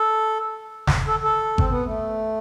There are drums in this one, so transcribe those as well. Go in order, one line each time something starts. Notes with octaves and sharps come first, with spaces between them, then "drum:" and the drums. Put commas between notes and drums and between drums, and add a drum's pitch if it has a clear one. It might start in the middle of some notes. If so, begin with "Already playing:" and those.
Already playing: A4
drum: snare
A4
A4
C4, drum: kick G#1
B3
A3